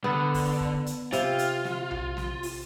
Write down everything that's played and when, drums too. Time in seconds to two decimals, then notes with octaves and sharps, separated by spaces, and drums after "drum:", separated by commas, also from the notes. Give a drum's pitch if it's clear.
0.04 D3 B3
0.34 drum: kick, open hi-hat
0.60 drum: kick
0.86 drum: hi-hat
1.13 C3 F4, drum: hi-hat
1.39 drum: hi-hat
1.65 drum: snare
1.91 drum: tom B1
2.17 drum: snare
2.43 drum: open hi-hat